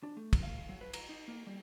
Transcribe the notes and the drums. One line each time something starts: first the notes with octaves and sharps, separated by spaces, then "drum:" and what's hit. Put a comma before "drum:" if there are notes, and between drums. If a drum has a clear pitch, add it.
D4
A3
drum: kick, cymbal
F5
F#3
B4
A#5, drum: cymbal
D#4
A#3
G3